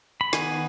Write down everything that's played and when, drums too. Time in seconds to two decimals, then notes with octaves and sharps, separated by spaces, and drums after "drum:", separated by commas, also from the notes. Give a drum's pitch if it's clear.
0.21 B5
0.33 D#3 B3 G#5, drum: snare